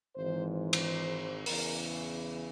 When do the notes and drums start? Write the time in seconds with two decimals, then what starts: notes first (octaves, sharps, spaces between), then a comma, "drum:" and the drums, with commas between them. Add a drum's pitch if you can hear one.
0.15 G#1 G#2 E3 C5
0.49 C5
0.73 drum: cymbal
1.46 E2 C#3 E3 A#4, drum: open hi-hat